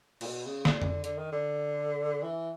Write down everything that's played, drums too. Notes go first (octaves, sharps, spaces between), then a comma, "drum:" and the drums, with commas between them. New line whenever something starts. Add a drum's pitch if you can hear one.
A#2, drum: cymbal
B2
C#3
D3, drum: snare
drum: tom F2
D3, drum: hi-hat
D#3
D3
E3